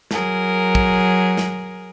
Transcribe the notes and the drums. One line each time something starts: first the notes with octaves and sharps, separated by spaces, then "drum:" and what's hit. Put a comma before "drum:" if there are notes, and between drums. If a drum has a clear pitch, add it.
F#3 G#4 A#4, drum: snare
drum: kick
drum: snare